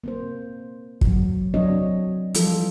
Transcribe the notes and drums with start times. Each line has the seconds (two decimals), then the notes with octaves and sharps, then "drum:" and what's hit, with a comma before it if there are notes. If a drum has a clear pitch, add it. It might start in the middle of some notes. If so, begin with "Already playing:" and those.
0.04 A#3 C4 C5
1.01 F#3 F#4, drum: kick
1.54 F#3 C4 D4 F#4 C#5 D#5
2.34 E3 F3 G3 F4 A4, drum: hi-hat